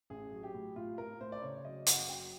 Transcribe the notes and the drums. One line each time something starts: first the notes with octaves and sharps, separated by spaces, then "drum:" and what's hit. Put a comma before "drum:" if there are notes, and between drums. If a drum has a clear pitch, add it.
A1 G#4
F#3
G4
A2
A2 F4
A2 A#4
A2 C5
D5
C#3 C#5
F#3 D#5
F#1 F#5, drum: hi-hat
F#3 G5